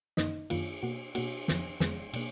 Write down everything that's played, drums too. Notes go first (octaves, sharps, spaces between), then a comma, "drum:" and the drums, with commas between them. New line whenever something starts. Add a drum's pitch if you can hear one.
F#2 D#3 A#3 D#4 D#5, drum: snare
F#2 D#3 A#3 F4, drum: cymbal
B2 A#3 F#4
B2 A#3 F#4, drum: cymbal
F2 F3 B3, drum: snare
F2 F3 G#3 B3 G#4, drum: snare
B2 A#3, drum: cymbal